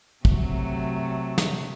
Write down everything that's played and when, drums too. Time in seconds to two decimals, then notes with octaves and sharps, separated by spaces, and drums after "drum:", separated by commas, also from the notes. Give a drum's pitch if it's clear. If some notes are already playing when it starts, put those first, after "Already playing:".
0.25 C3 F#3 A3, drum: kick
1.38 drum: snare